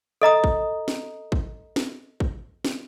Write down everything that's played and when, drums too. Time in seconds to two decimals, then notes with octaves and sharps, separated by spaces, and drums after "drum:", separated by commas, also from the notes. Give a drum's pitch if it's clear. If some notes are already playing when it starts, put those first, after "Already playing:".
0.22 A4 D#5 A#5 D#6
0.44 drum: kick
0.88 drum: snare
1.32 drum: kick
1.76 drum: snare
2.20 drum: kick
2.65 drum: snare